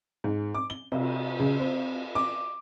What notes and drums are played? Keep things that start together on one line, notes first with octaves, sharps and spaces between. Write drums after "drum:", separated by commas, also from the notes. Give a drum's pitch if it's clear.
G#2
D6
G7
C3, drum: cymbal
C#3
C4
D6